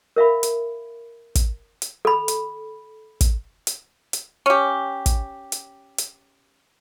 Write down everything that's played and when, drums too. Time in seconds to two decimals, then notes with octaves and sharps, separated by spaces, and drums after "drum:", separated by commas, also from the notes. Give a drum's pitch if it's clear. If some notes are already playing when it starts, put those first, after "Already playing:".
0.16 A#4 E5 F5 B5
0.43 drum: hi-hat
1.35 drum: kick, hi-hat
1.82 drum: hi-hat
2.05 A4 B5
2.28 drum: hi-hat
3.21 drum: kick, hi-hat
3.67 drum: hi-hat
4.13 drum: hi-hat
4.46 C#4 G4
5.06 drum: kick, hi-hat
5.52 drum: hi-hat
5.98 drum: hi-hat